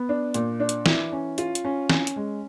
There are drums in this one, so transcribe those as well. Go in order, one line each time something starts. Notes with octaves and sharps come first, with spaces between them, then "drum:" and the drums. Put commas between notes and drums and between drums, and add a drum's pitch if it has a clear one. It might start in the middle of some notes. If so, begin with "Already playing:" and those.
Already playing: B3
D4
A#2, drum: hi-hat
D4
drum: hi-hat
E3, drum: snare
C#4
F4, drum: hi-hat
drum: hi-hat
C#4
C#4, drum: snare
drum: hi-hat
G#3